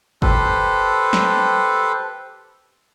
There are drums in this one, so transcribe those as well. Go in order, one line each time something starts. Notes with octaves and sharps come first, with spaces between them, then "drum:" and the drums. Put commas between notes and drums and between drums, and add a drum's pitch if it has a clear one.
G4 A4 B4 C5, drum: kick
drum: snare